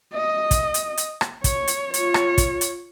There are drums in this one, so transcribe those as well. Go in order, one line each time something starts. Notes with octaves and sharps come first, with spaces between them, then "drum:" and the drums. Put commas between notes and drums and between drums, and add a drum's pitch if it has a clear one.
D#5
drum: kick, hi-hat
drum: hi-hat
drum: hi-hat
drum: rim click
C#5, drum: kick, hi-hat
drum: hi-hat
F4 C#5, drum: hi-hat
drum: rim click
drum: kick, hi-hat
drum: hi-hat